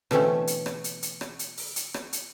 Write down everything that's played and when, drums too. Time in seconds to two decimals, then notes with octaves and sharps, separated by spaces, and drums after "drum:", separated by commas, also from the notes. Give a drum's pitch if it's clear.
0.11 B2 D3 E3 A3 C4 C#4, drum: rim click
0.47 drum: hi-hat
0.66 drum: rim click
0.84 drum: hi-hat
1.02 drum: hi-hat
1.21 drum: rim click
1.39 drum: hi-hat
1.58 drum: open hi-hat
1.76 drum: hi-hat
1.94 drum: rim click
2.13 drum: hi-hat